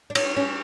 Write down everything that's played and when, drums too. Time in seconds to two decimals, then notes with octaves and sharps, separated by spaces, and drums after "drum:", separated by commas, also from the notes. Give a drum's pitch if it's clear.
0.10 D4
0.15 C#4, drum: cymbal
0.36 C#4